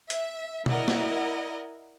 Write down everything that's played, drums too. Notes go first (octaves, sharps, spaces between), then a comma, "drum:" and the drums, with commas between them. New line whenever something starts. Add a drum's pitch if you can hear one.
E5, drum: hi-hat
E4 A#4 D5 D#5 F#5, drum: tom B2
drum: snare A#3